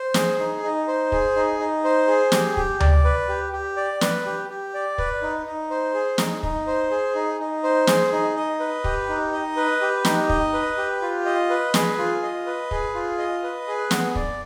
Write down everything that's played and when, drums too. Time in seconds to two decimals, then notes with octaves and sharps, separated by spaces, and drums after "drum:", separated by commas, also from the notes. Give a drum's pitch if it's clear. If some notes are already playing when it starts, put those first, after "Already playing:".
Already playing: C5
0.14 G#4, drum: snare
0.39 D#4
0.64 D#4
0.88 C5
1.12 G#4, drum: kick
1.36 D#4
1.59 D#4
1.84 C5
2.08 G#4
2.32 G4, drum: snare
2.57 G4, drum: kick
2.80 D5, drum: tom D2
3.05 B4
3.29 G4
3.52 G4
3.76 D5
4.01 B4, drum: snare
4.25 G4
4.49 G4
4.74 D5
4.98 B4, drum: kick
5.22 D#4
5.46 D#4
5.71 C5
5.94 G#4
6.18 D#4, drum: snare
6.43 D#4, drum: kick
6.67 C5
6.91 G#4
7.15 D#4
7.39 D#4
7.63 C5
7.87 G#4, drum: snare
8.12 D#4
8.36 D#5
8.60 B4
8.84 G4, drum: kick
9.09 D#4
9.32 D#5
9.57 B4
9.81 G4
10.05 D#4, drum: snare
10.29 D#5, drum: kick
10.53 B4
10.77 G4
11.02 F4
11.26 D#5
11.50 B4
11.74 G#4, drum: snare
11.98 F4
12.23 D#5
12.47 B4
12.71 G#4, drum: kick
12.95 F4
13.18 D#5
13.43 B4
13.68 G#4
13.91 B3, drum: snare
14.15 D5, drum: kick